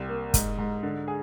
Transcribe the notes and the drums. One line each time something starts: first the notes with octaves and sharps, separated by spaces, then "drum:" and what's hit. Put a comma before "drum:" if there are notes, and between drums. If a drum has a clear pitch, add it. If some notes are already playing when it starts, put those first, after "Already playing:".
Already playing: C2 C4
A#3
G#2, drum: kick, hi-hat
G#2
D3
G#4